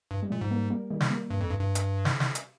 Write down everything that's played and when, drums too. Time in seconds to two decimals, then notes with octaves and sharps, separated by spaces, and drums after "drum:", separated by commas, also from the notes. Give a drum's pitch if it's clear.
0.11 G2
0.23 G3
0.30 A#2 F3 G#3
0.41 G#2
0.50 G3 A#3
0.70 G3 A#3
0.91 D#3 G3
1.00 drum: snare
1.10 G3 A#3
1.30 G2
1.41 F2
1.50 G2
1.60 G2
1.75 drum: hi-hat
2.05 drum: snare
2.20 drum: snare
2.35 drum: hi-hat